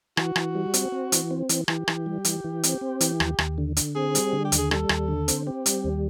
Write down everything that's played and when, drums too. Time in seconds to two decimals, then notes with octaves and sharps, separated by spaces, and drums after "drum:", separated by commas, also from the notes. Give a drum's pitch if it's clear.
0.17 E3 F#4, drum: rim click
0.36 E3, drum: rim click
0.55 G3
0.74 C4, drum: hi-hat
0.92 C4
1.12 E3, drum: hi-hat
1.31 C4
1.49 E3, drum: hi-hat
1.68 E3 G4, drum: rim click
1.88 E3, drum: rim click
2.06 G3
2.25 E3, drum: hi-hat
2.44 E3
2.63 C4, drum: hi-hat
2.81 C4
3.01 E3, drum: hi-hat
3.20 D#2, drum: rim click
3.38 D#2, drum: rim click
3.58 D3
3.77 D3, drum: hi-hat
3.95 C4 G#4
4.15 G3, drum: hi-hat
4.33 D3
4.45 G4
4.52 D#2, drum: hi-hat
4.58 G#4
4.71 G3 A4, drum: rim click
4.89 D#2, drum: rim click
5.08 D3
5.28 C4, drum: hi-hat
5.46 C4 G4
5.66 G3, drum: hi-hat
5.84 D#2